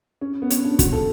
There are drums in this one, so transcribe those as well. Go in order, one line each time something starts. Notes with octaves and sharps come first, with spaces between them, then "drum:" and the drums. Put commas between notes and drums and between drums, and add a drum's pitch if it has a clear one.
C#4
B3
C#4, drum: hi-hat
D4
F#4, drum: kick, hi-hat
A4